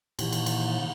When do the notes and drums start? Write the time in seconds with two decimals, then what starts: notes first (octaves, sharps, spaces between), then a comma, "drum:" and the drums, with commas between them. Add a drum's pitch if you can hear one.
0.19 A#2 D#3 E3, drum: cymbal
0.33 drum: cymbal
0.46 drum: cymbal